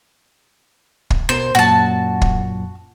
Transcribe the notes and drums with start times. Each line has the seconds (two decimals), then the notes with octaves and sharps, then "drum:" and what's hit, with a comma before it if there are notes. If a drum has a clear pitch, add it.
1.10 drum: kick
1.29 B2 A#4 C5
1.55 F#2 A#2 F#4 A5
2.21 drum: kick